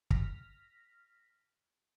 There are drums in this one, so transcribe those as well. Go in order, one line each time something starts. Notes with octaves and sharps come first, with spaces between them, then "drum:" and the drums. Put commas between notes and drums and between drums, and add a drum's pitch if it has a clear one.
F6 A#6 B6, drum: kick